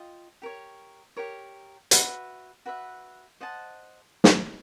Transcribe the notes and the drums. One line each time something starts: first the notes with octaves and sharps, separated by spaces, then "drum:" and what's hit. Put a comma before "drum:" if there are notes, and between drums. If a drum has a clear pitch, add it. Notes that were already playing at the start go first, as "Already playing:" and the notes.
Already playing: F4 D#5 G5
G4 A#4 C#5
G4 A#4 C#5
F#4 B4 E5, drum: hi-hat
F#4 B4 E5
C5 D#5 F#5 A5
drum: snare